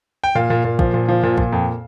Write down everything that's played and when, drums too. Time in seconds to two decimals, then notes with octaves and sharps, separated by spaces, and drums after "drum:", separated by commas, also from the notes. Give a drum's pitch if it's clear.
0.24 G5
0.35 A#2 F5
0.50 A#2
0.64 A#2
0.79 F3, drum: kick
0.94 A#2
1.09 F3
1.23 A#2
1.38 A#2, drum: kick
1.52 F2